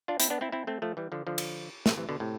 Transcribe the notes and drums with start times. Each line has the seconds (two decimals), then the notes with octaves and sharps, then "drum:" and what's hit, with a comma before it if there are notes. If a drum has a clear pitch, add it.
0.08 D4 F4
0.20 C4 E4, drum: hi-hat
0.30 B3 D4
0.41 C4 E4
0.52 C4 E4
0.67 A3 C4
0.82 F3 A3
0.97 E3 G3
1.12 D3 F3
1.27 D3 F3
1.38 drum: cymbal
1.86 A2 C3, drum: snare
1.97 C3 E3
2.09 B2 D3
2.20 A2 C3